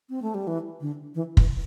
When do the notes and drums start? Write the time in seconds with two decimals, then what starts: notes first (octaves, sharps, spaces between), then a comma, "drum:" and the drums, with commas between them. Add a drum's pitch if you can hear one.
0.10 C4
0.22 A3
0.34 G3
0.47 E3
0.81 D3
1.15 E3
1.37 E3, drum: kick